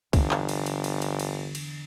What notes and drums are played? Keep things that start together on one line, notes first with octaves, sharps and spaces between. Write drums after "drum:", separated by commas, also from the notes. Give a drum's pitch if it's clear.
G1 E2 D3, drum: kick C2, cymbal
drum: clap
drum: cymbal
drum: cymbal
drum: cymbal
drum: cymbal
drum: cymbal
drum: cymbal